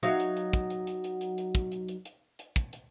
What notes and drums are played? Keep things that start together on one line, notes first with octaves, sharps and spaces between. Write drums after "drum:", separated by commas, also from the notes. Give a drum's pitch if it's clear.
F#3 D#4 F5, drum: hi-hat
drum: hi-hat
drum: hi-hat
drum: kick, hi-hat
drum: hi-hat
drum: hi-hat
drum: hi-hat
drum: hi-hat
drum: hi-hat
drum: kick, hi-hat
drum: hi-hat
drum: hi-hat
drum: hi-hat
drum: hi-hat
drum: kick, hi-hat
drum: hi-hat